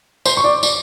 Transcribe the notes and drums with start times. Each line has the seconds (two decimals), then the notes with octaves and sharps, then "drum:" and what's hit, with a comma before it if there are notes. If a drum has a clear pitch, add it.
0.26 C5 C6, drum: tambourine
0.37 C#6
0.44 D5 D6
0.63 D5 D6, drum: tambourine